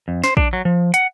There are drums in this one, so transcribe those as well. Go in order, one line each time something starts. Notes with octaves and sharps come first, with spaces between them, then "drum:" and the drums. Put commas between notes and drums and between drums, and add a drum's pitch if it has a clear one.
F2
C5, drum: snare
D4, drum: kick
F#3
F3
F#5, drum: hi-hat